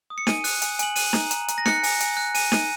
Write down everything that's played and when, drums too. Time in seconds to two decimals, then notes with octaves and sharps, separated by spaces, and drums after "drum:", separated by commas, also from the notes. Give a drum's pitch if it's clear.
0.10 D#6
0.18 C#7
0.27 G#5 D#7, drum: snare D#4
0.44 F#6, drum: open hi-hat
0.62 G#5, drum: hi-hat
0.79 G#5 F#7, drum: hi-hat
0.96 F#6 D#7, drum: open hi-hat
1.13 A#5, drum: snare D#4
1.31 A#5, drum: hi-hat
1.48 A#5, drum: hi-hat
1.58 A#6
1.66 F#6 C#7, drum: snare D#4
1.83 G#5, drum: open hi-hat
2.00 G#5, drum: hi-hat
2.17 F#6
2.34 G#5 D#7, drum: open hi-hat
2.52 G#5 D#7, drum: snare D#4